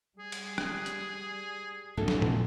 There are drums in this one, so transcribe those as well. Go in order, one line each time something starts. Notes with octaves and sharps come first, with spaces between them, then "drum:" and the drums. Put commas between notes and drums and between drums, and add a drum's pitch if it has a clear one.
G3 G#4
drum: cymbal
drum: rim click
drum: hi-hat
A#1 F2 G#2 E3 F#4 A4
drum: snare
drum: tom A#2